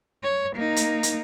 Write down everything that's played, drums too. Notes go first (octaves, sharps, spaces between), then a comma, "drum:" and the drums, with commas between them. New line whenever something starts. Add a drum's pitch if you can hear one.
C#5
A#3 D#4
drum: hi-hat
drum: hi-hat